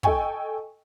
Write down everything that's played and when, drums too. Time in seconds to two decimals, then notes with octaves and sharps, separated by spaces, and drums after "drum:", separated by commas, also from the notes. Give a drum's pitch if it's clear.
0.03 A4 D#5 G5 G#5 C#6, drum: kick